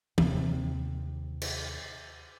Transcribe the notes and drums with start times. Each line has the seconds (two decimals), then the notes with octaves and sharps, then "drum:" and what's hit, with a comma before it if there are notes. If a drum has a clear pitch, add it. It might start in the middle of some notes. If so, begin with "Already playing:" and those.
0.18 D#2 C3, drum: tom
1.42 drum: cymbal